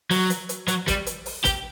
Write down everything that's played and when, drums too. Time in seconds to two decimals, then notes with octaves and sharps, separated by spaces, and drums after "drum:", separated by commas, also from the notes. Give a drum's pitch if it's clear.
0.11 F#3, drum: open hi-hat
0.30 drum: hi-hat
0.49 drum: hi-hat
0.68 F#3, drum: hi-hat
0.88 G3, drum: kick, hi-hat
1.07 drum: hi-hat
1.26 drum: open hi-hat
1.45 G4, drum: kick, hi-hat